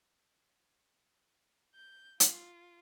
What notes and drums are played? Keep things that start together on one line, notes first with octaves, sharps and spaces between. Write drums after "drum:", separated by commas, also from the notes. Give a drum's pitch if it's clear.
G6
F4, drum: hi-hat